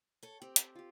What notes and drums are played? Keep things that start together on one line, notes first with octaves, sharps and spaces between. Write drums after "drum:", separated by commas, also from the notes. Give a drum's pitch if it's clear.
A4 C#5
C4 G4
drum: hi-hat
F4 G4